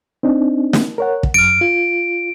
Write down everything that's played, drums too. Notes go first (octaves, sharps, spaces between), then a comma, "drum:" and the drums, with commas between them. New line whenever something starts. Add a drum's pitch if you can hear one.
C4 D4 D#4
drum: snare
A#4 C#5 F#5
drum: kick
F#2 F6 D7
F4